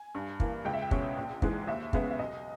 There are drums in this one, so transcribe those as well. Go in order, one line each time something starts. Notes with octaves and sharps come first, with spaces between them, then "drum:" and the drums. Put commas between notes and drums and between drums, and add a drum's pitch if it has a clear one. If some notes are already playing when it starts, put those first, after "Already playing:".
Already playing: G#5
G2
E3 A#3, drum: kick
C#2 G5
E5
G5
B2 G#3 C#4, drum: kick
A#1
G#2 E3 G#3, drum: kick
D#2 E5
C#3 G#3 B3 E5, drum: kick
E5
B1 D#5